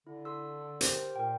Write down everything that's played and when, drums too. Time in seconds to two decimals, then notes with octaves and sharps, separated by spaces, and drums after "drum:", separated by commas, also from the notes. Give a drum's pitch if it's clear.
0.07 D3 E4
0.25 A4 C6 E6
0.81 G4 A#4 C5, drum: hi-hat
1.16 A#2 A#4 G5